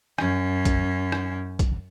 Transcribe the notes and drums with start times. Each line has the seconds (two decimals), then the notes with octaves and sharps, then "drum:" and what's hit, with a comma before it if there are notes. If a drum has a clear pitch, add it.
0.18 F#2 C#4, drum: rim click
0.65 drum: kick, hi-hat
1.12 drum: rim click
1.59 drum: kick, hi-hat